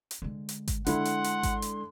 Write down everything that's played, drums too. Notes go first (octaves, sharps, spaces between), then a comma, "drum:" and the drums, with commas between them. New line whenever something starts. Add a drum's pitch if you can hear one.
drum: hi-hat
D3 G#3
drum: hi-hat
drum: kick G#1, hi-hat
D3 G#3 E4 F#5 C6, drum: hi-hat
drum: hi-hat
drum: hi-hat
drum: kick G#1, hi-hat
drum: hi-hat